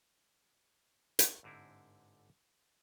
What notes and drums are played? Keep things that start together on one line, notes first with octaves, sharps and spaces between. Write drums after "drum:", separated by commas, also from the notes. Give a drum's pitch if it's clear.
drum: hi-hat
G1 G#2 D3 C4 E4